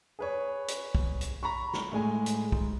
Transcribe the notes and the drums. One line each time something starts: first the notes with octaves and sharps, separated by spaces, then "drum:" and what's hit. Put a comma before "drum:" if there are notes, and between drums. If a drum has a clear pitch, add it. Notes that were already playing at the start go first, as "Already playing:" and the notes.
G#4 B4 C#5
drum: hi-hat
drum: kick B1
drum: hi-hat
A#5 B5 C#6
drum: snare
A2 G#3 G#5
drum: hi-hat
G#2, drum: kick B1